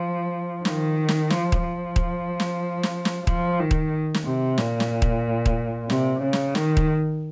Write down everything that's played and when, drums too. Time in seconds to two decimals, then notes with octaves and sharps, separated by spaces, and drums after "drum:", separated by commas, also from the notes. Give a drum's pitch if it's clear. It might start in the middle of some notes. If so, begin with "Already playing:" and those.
Already playing: F3
0.65 D#3, drum: snare
1.09 drum: snare
1.30 F3, drum: snare
1.52 drum: kick D#1
1.63 F3
1.96 drum: kick D#1
2.40 drum: snare
2.83 drum: snare
3.05 drum: snare
3.27 F3, drum: kick D#1
3.60 D#3
3.71 drum: kick D#1
4.14 drum: snare
4.25 C3
4.58 A#2, drum: snare
4.80 drum: snare
5.02 drum: kick D#1
5.46 drum: kick D#1
5.90 C3, drum: snare
6.23 C#3
6.33 drum: snare
6.55 D#3, drum: snare
6.77 drum: kick D#1